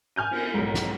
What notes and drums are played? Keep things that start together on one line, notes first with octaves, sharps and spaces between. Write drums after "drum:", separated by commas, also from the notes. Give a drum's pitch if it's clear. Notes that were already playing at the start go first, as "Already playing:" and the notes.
G#5 F6 G6 D#7
drum: cymbal
B1 G#2
drum: snare